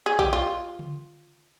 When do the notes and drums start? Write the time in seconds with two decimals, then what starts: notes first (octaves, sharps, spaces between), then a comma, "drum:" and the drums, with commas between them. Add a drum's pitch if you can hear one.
0.06 G#4
0.19 G4, drum: kick B1
0.33 F4
0.79 drum: tom C#3